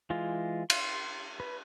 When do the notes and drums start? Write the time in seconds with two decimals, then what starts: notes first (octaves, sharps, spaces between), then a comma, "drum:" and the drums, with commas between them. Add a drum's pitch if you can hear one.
0.10 E3 G#3 F4
0.70 C6, drum: cymbal
1.40 B4